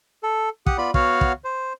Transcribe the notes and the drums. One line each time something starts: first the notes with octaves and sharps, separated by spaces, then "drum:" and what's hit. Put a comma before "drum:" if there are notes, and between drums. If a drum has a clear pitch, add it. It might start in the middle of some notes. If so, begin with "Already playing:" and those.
A4
G4 F#5 D#6, drum: kick
B3 F4 D5 B5
B3 F#4 C#5 F5, drum: kick
drum: kick
C5